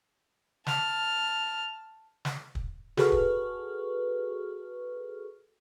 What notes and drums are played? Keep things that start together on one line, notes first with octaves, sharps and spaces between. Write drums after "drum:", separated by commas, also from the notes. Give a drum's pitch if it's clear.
A5 F6, drum: snare
drum: snare
drum: kick
F#4 G#4 A4 B4 C#6 F6, drum: snare
drum: kick